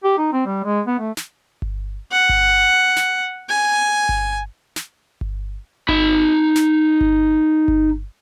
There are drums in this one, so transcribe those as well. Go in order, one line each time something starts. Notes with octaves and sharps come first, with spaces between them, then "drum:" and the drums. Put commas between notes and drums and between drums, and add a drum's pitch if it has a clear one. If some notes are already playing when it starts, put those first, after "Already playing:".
G4
D#4
C4
G3
G#3
B3
A3
drum: snare
drum: kick G1
F#5
drum: kick G1
drum: snare
G#5
drum: kick G1
drum: snare
drum: kick G1
D#4 B5, drum: kick G1
drum: snare
drum: kick G1
drum: kick G1